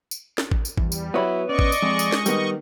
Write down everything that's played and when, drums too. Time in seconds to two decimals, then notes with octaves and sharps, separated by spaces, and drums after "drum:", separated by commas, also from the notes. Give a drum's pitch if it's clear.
0.11 drum: tambourine
0.38 drum: snare
0.52 drum: kick A1
0.65 drum: tambourine
0.78 E2 G3, drum: kick A1
0.92 drum: tambourine
1.14 F#3 B3 E4 F#4 C#5 B5
1.49 C#4 D5 D#5 C#6
1.59 drum: kick A1
1.72 drum: tambourine
1.82 F2 G#3 G#4
1.99 drum: tambourine
2.12 drum: snare
2.26 D#3 G3 B3, drum: tambourine